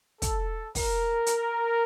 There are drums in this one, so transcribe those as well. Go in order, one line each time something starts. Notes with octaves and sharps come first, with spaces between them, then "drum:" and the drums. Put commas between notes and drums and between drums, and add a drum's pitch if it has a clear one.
A4, drum: kick, hi-hat
A#4, drum: kick, open hi-hat
drum: hi-hat